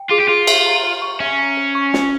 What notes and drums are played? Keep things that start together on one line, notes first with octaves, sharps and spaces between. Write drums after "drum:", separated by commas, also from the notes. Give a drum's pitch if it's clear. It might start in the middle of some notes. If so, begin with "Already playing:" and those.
Already playing: G5
F4 G#4
G4
F4 G#4
E5, drum: cymbal
A#5
C5
C#6
C#4 E5
A#5
C5
C#6
F5, drum: snare